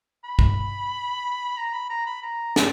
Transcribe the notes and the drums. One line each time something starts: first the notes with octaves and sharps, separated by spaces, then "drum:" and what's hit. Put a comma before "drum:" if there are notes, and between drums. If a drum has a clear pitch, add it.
B5
drum: kick
A#5
B5
A#5
B5
A#5
A5, drum: snare